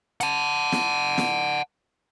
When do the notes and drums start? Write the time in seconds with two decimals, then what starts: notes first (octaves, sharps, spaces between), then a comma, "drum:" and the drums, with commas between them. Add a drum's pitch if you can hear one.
0.21 F#5 A5, drum: hi-hat
0.72 drum: snare
1.18 drum: snare